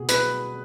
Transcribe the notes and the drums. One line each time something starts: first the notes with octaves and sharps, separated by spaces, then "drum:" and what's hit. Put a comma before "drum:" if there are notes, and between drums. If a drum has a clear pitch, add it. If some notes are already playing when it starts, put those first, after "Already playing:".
Already playing: B2 G#4
B4, drum: hi-hat